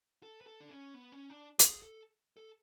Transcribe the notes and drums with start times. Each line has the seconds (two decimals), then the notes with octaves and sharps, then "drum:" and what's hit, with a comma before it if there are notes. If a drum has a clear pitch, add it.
0.23 A4
0.41 B4
0.47 A4
0.60 D4
0.70 C#4
0.94 B3
1.12 C#4
1.30 D4
1.59 A4, drum: hi-hat
1.65 G#4
1.82 A4
2.37 A4